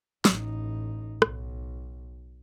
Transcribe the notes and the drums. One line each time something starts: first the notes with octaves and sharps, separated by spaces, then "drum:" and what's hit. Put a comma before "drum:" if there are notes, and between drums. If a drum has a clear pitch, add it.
A1 D#4, drum: snare
B1, drum: rim click